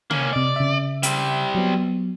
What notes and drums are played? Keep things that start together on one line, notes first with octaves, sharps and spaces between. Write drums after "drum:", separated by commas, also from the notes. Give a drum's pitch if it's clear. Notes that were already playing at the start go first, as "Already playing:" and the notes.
A#3 C#4, drum: tom C3
C3 D5 D#5
C#3 E5
G3 C4, drum: hi-hat
F#3 B3